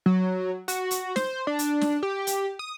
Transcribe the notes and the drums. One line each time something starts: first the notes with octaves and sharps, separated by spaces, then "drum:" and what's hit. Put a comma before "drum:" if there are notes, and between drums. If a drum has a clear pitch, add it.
F#3
F#4, drum: hi-hat
drum: hi-hat
C5, drum: snare
D4
drum: hi-hat
drum: snare
G4
drum: hi-hat
D#6